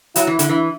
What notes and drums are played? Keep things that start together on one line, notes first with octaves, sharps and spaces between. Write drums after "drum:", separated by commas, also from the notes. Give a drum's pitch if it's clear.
F#3 E4, drum: hi-hat
E3
D3, drum: hi-hat
E3